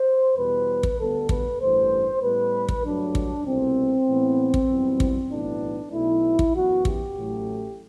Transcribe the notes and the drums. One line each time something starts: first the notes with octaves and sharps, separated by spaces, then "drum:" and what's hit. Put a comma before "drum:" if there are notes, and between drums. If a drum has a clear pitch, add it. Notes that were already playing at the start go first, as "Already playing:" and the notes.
Already playing: C5
E2 B2 G3 B3 B4
drum: kick
D2 D3 G3 B3 A4
B4, drum: kick
A1 G2 E3 A3 C5
A2 G3 B3 B4
drum: kick
G2 F#3 A3 D4
drum: kick
C2 B2 A3 C4
A2 E3 B3
drum: kick
F#2 E3 G3 B3
drum: kick
B1 A2 E3 B3 D4
B1 B2 A3 E4
drum: kick
F#2 E3 B3 F#4
G4, drum: kick
A1 A2 F#3 A3